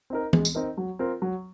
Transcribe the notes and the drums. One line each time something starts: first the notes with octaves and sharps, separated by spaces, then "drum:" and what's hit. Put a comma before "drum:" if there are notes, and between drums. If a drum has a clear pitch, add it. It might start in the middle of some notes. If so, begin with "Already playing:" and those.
C4 D#4 A#4
G#3, drum: tom E3
drum: tambourine
C4 D#4 A#4
F#3
C4 F4 A#4
F#3